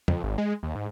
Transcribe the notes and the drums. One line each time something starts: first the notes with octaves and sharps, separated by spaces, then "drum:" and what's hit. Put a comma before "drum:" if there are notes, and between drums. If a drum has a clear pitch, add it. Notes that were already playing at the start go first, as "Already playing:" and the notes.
F2, drum: tom E2
G#1
G#3
D#2
G#2